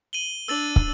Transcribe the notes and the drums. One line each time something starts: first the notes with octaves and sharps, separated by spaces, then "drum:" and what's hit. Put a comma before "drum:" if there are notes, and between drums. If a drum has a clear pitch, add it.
D#7 F#7 G7
D4 E6 A6 F#7
drum: kick